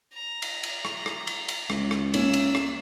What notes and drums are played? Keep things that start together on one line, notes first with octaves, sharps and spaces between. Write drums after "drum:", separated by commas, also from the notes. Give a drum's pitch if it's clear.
A#5
drum: cymbal
drum: cymbal
drum: rim click
drum: rim click
drum: cymbal
drum: cymbal
C#2, drum: rim click
drum: rim click
A#3 C#4 E6, drum: cymbal
drum: cymbal
drum: rim click